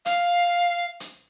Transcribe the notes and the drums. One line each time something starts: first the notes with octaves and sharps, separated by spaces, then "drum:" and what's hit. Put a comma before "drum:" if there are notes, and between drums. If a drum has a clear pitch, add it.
F5, drum: hi-hat
drum: hi-hat